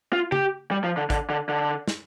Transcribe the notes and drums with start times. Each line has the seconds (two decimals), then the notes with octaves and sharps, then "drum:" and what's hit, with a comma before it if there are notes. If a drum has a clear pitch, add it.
0.13 F4
0.32 G4, drum: tom
0.71 G3
0.84 F3
0.97 D3
1.10 D3, drum: kick, hi-hat
1.30 D3
1.49 D3
1.88 drum: snare